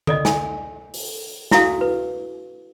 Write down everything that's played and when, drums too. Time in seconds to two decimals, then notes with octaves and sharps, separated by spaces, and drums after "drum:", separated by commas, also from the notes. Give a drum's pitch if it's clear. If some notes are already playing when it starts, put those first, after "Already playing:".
0.07 A4 D5 D#5, drum: tom D3
0.25 G#5, drum: snare
0.94 drum: open hi-hat
1.51 D4 E4 F#4 A4 F5, drum: snare
1.81 B4